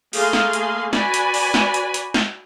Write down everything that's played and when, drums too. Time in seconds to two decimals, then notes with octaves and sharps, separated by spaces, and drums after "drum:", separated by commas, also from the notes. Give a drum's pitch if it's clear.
0.13 A3 A#3 G#4 F5 G#5 C6, drum: open hi-hat
0.33 drum: snare
0.53 drum: hi-hat
0.93 F#4 B4 D5 G#5 B5, drum: snare
1.14 drum: hi-hat
1.34 drum: open hi-hat
1.54 drum: snare
1.74 drum: hi-hat
1.94 drum: hi-hat
2.14 drum: snare